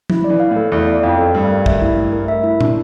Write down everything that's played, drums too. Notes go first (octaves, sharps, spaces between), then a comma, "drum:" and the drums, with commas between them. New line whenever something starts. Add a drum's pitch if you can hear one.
E4, drum: tom
D5
E3
F5
A2
A4
E2 E4
D5
F2 F5
A4
G2 A3
A#4
E5, drum: kick
E4
A3
A#4
E5
E4
D4, drum: tom